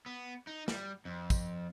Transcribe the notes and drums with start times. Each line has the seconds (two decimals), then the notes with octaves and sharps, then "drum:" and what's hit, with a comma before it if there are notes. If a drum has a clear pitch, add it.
0.06 B3
0.47 D#4
0.68 G3, drum: snare
1.05 F2
1.30 drum: kick, tambourine